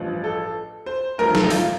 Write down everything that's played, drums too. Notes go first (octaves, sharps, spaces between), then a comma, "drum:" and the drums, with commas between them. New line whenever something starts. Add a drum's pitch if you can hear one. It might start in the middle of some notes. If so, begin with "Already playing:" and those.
Already playing: A1 G2 F3
A4
C5
A1 G2 F3 A3 A#4
A4, drum: snare
D#4
F4, drum: open hi-hat